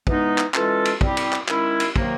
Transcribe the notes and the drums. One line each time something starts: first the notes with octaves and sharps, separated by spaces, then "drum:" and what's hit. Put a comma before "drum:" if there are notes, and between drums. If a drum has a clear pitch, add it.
E3 G#3 B3 D#4, drum: kick
drum: clap
E3 G#3 C#4 F4 A4, drum: clap
drum: cymbal
G3 C4 E4 G4, drum: kick
drum: cymbal
drum: clap
D#3 G#3 C#4 E4, drum: clap
drum: cymbal
C3 D#3 F#3 A#3, drum: kick